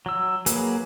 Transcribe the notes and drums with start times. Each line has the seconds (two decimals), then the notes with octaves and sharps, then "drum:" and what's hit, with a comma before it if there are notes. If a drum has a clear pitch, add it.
0.06 F#3 E6
0.46 F#3 A#3 G#4 B4, drum: hi-hat